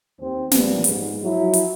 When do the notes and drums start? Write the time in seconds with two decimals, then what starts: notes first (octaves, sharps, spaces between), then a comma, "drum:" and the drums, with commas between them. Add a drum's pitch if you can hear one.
0.20 D#2 C4
0.51 A#1 F3 G3 B3, drum: snare
0.84 G#2, drum: hi-hat
1.23 F3 F#3 E4
1.53 drum: hi-hat